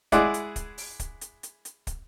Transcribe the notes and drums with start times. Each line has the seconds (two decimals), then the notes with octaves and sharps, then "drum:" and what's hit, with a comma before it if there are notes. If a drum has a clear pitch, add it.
0.12 G#3 E4 G#4 D5 F#5, drum: kick, hi-hat
0.34 drum: hi-hat
0.56 drum: kick, hi-hat
0.78 drum: open hi-hat
0.99 drum: kick, hi-hat
1.21 drum: hi-hat
1.43 drum: hi-hat
1.65 drum: hi-hat
1.87 drum: kick, hi-hat